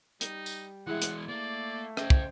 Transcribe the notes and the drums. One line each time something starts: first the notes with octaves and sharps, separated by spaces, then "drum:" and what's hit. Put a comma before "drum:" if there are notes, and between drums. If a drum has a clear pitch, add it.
G3 D#4, drum: hi-hat
drum: tambourine
E3 G#3 E4 G#4 E5 F#5
drum: hi-hat
A3 A#3 D5
C#4 C5 D#5 E5 G5, drum: rim click
drum: kick